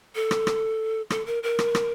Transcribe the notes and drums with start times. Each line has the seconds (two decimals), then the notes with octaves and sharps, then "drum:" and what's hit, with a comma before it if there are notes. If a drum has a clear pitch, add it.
0.15 A4
0.31 drum: rim click
0.47 drum: rim click
1.10 A4, drum: rim click
1.26 A#4
1.43 A#4
1.59 drum: rim click
1.75 drum: rim click